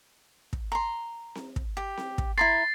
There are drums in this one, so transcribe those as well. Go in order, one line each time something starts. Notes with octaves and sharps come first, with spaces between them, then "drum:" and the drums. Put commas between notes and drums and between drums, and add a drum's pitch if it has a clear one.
drum: kick
A#5 C6
drum: snare C4
drum: kick
G4
drum: snare C4
drum: kick
E4 A#5 C6 A6 C7